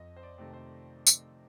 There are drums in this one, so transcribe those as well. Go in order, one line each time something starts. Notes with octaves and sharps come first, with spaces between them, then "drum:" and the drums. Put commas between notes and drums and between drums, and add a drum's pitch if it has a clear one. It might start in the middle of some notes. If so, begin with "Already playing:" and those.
Already playing: F2 D#5
C5
D5
C3 D#3 A3 C4
C5
drum: tambourine